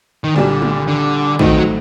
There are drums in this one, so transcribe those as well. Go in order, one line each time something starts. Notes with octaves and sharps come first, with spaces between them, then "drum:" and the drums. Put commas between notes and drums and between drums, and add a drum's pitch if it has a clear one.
D#3
C2 A#2 D3 G3 D4 G4
drum: tom
D3
A2 D#3 A3 C4 D#4 F#4, drum: kick
F#3